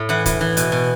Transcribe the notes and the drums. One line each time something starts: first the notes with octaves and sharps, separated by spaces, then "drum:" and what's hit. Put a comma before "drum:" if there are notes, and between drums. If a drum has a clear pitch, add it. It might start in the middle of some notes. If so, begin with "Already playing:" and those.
Already playing: A2
E3 F#5
E3, drum: kick, hi-hat
E3
B2, drum: hi-hat
B2